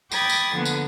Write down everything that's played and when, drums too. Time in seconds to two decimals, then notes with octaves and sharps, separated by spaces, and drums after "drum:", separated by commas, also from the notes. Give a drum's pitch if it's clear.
0.12 G5 B5 D6 D#6 G#6 A6, drum: tambourine
0.29 drum: tambourine
0.54 D3 F3 A#3 B3
0.65 drum: tambourine